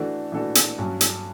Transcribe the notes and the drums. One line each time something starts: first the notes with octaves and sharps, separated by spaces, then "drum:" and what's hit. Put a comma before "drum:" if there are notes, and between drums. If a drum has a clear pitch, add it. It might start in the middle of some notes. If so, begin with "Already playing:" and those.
Already playing: E3 A3 D4 F#4 A4
E3 A3 D4 F#4 A4
drum: hi-hat
G2 F#3 C#4
drum: hi-hat